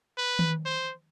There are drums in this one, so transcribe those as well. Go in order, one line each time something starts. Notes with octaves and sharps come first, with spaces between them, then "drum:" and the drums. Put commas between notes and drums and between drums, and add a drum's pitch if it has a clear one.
B4
drum: tom D#3
C5